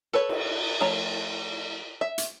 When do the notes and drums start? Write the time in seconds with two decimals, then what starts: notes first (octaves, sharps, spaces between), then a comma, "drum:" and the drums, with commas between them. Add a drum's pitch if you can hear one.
0.13 A4 B4 C#5
0.29 drum: cymbal
0.81 F3 A3 C#5 A#5
2.01 E5
2.18 drum: hi-hat